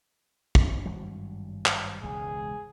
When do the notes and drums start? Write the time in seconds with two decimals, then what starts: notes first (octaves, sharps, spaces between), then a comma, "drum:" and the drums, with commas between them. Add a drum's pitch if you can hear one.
0.55 drum: kick
0.85 G#1 G2 F#3
1.66 drum: clap
2.03 E1 C#2 G#2 G#4